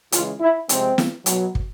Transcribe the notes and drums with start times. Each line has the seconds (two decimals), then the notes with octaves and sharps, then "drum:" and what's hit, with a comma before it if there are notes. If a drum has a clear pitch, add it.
0.12 C#3 E3 G#3 F4, drum: hi-hat
0.40 E4
0.69 C3 F3 G#3 C4, drum: hi-hat
0.98 drum: snare
1.26 B2 F#3, drum: hi-hat
1.55 drum: kick